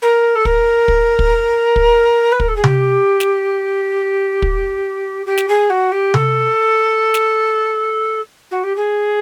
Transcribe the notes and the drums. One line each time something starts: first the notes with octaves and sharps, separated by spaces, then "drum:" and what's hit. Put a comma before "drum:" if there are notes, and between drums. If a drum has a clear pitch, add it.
A#4
A4
A#4, drum: kick
drum: kick
drum: kick
drum: kick
B4
A#4, drum: kick
A4
G#4
G4, drum: tom C3
drum: snare
drum: kick
G4
drum: snare
G#4
F#4
G4
A4, drum: tom C3
drum: snare
F#4
G4
G#4